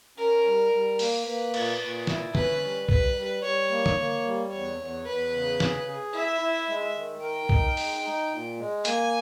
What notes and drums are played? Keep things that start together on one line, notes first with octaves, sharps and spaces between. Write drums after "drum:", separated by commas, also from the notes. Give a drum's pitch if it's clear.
C#4 A#4
G3
G3
A#3, drum: open hi-hat
A#3 B4
A#2, drum: cymbal
A#2
E4, drum: snare
C#4 B4, drum: tom
G3
G3 B4, drum: kick
G3
G3 C#5
A#3
drum: tom
A#3
G3
E2 C#5
E2
E2 B4
C#3
G#4, drum: snare
G#4
E4 E5
E4
G#3
D#3
A#4 G5
D#4, drum: kick
G#3, drum: open hi-hat
D#4
A#2
G#3
A#3 G#5, drum: hi-hat